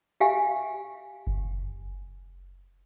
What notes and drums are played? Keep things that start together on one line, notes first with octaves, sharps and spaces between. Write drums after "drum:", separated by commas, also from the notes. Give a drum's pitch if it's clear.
G4 E5 F5 G#5
drum: kick F#1